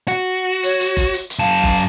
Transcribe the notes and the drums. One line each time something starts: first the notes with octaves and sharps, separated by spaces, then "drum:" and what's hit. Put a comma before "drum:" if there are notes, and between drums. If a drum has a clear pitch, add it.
F#4
C#5, drum: hi-hat
drum: hi-hat
drum: kick F#1, hi-hat
drum: hi-hat
drum: hi-hat
F#2 F5 A5
drum: kick F#1